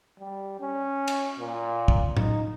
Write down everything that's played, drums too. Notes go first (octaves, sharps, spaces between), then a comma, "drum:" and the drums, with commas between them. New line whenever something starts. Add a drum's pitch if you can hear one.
G3
C#4
drum: cymbal
A#2
drum: kick
D#4, drum: tom